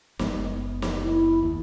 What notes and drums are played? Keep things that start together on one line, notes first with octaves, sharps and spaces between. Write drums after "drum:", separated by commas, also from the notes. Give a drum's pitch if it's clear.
F#1 G#3 B3, drum: snare
drum: snare
E4
D#2